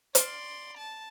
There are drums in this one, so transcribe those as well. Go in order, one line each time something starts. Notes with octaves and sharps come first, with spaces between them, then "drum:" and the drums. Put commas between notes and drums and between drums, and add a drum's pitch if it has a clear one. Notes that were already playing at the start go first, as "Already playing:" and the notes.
D5 C6, drum: hi-hat
A5